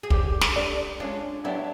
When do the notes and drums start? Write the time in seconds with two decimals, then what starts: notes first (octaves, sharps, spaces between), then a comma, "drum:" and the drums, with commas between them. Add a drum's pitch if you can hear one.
0.03 G#4
0.10 E3 G3 C4 G4, drum: kick
0.41 drum: snare
0.56 A3 D4 G4 B4 D5
1.00 G#3 C#4 D4 F4
1.44 F#3 B3 D4 E4 G4